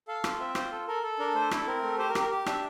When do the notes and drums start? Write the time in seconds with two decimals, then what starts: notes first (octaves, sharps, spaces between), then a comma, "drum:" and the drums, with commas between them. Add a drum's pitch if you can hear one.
0.08 A4 F5
0.24 F4, drum: rim click
0.39 C4 E5
0.55 F4 C5, drum: rim click
0.72 A4
0.88 A4 A#4
1.03 A4
1.19 D4 A#4
1.35 A3 C5
1.51 E4 A4, drum: rim click
1.67 C4 A#4
1.83 A3
1.98 G4 C5
2.09 A#4
2.15 G4, drum: rim click
2.21 A#4
2.31 G4
2.46 D4 E5, drum: rim click